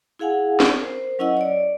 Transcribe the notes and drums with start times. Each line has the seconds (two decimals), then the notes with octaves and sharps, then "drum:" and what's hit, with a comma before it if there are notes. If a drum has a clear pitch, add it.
0.19 E4 G#4 F5 F#5 G#5
0.60 drum: snare
0.80 A#4 C5
1.19 F#3 C#4 E4 D#5 F#5 E6
1.37 C#5 D5